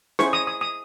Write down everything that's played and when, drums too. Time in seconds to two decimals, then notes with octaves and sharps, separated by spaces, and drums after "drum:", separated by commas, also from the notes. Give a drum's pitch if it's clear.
0.19 E4 G#4 C5 C#6, drum: snare C#4
0.33 D#6
0.47 D#6
0.61 D#6